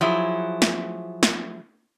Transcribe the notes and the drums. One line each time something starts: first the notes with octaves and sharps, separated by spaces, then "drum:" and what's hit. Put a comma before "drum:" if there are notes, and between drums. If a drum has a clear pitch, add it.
F3 F#3 E4 G#4
drum: snare
drum: snare